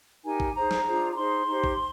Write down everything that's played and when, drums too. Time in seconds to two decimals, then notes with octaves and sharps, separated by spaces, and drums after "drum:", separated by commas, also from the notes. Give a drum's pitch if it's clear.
0.24 D#4 G4 A#4 G#5
0.40 drum: kick G#1
0.55 D#4 G#4 C5 A#5
0.71 drum: snare
0.86 D4 F4 G#4 C5
1.12 A#5
1.17 D#4 G#4 C5 C6
1.48 D#4 G4 C5
1.64 drum: kick G#1